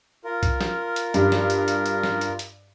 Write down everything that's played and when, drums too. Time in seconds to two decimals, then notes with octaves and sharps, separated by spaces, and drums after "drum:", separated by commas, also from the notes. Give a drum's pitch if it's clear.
0.24 F4 A#4
0.43 drum: kick B1, hi-hat
0.61 drum: snare
0.96 drum: hi-hat
1.14 G2, drum: hi-hat
1.32 drum: snare
1.50 drum: hi-hat
1.68 drum: hi-hat
1.86 drum: hi-hat
2.03 drum: snare
2.21 drum: hi-hat
2.39 drum: hi-hat